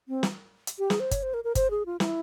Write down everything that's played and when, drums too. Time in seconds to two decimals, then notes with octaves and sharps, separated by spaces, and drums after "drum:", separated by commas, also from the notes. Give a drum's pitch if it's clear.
0.08 C4
0.23 drum: snare
0.67 drum: hi-hat
0.79 G4
0.90 G#4, drum: snare
1.00 C5
1.11 C#5, drum: kick, hi-hat
1.23 C5
1.34 A#4
1.44 A#4
1.55 C5, drum: kick, hi-hat
1.71 G#4
1.86 F4
2.00 E4, drum: snare